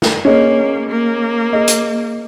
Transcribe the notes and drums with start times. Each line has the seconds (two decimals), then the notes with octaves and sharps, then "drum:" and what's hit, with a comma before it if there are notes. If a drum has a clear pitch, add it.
0.02 drum: snare
0.25 A#3 C#4 G#4 D#5
0.89 A#3
1.53 G#4 D#5
1.68 drum: hi-hat